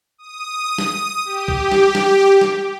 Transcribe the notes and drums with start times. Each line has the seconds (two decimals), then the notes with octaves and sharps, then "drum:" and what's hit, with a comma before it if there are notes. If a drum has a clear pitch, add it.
0.18 D#6
0.78 drum: snare
1.25 G4
1.48 drum: kick
1.72 drum: snare
1.95 drum: snare
2.41 drum: snare